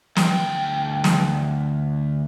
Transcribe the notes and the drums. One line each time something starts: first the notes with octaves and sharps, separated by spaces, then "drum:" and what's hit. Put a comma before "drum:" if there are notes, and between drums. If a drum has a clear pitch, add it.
D2 G5, drum: snare
drum: snare